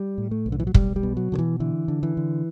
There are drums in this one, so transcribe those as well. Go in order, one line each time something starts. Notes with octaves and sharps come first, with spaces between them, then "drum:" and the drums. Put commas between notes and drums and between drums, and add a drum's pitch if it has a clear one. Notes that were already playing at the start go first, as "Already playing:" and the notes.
Already playing: G3
A2
A3
B1
D3
E3
F#3
B1 G3, drum: kick
G3
B2
F#3
B2 D3
E3
D3 E3
D3
E3
D3